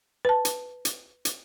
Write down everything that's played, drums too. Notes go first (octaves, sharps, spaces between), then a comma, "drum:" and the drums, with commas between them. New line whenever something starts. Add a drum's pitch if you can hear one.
B4 A5
drum: hi-hat
drum: hi-hat
drum: hi-hat